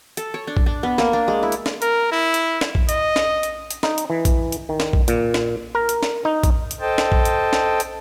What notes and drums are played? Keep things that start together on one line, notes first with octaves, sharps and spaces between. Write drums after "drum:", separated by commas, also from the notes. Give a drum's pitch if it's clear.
A4, drum: hi-hat
C#5
D4
drum: kick A#1
D4
B3
A#3, drum: snare
D4
G#3
E4
drum: hi-hat
drum: snare
A#4, drum: hi-hat
E4
drum: hi-hat
drum: snare
drum: kick A#1
D#5, drum: hi-hat
drum: snare
drum: hi-hat
drum: hi-hat
D#4, drum: snare
drum: hi-hat
E3
drum: kick A#1, hi-hat
drum: hi-hat
D#3
drum: snare
drum: kick A#1
A#2, drum: hi-hat
drum: snare
A#4
drum: hi-hat
drum: snare
D#4
drum: kick A#1, hi-hat
drum: hi-hat
A4 C5 D#5 G5 A5
drum: snare
drum: kick A#1
drum: hi-hat
drum: snare
drum: hi-hat